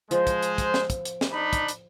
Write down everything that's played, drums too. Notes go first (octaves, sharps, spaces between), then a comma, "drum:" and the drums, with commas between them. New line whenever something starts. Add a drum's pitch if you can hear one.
F3 G#3 C5, drum: hi-hat
drum: kick, hi-hat
drum: hi-hat
drum: kick, hi-hat
drum: snare
drum: kick, hi-hat
drum: hi-hat
drum: snare
D4 D#4 B5
drum: kick, hi-hat
drum: hi-hat